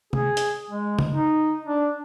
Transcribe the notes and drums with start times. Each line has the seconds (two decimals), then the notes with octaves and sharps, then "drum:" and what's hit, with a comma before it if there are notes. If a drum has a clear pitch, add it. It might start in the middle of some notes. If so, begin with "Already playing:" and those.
0.13 G#4, drum: tom
0.37 drum: hi-hat
0.70 G#3
0.99 drum: tom C#3
1.12 D#4
1.65 D4